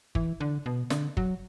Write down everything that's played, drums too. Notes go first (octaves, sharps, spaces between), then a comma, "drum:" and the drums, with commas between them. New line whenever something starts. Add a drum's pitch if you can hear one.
E3, drum: kick F#1
D3
B2
D3, drum: snare
F#3, drum: kick F#1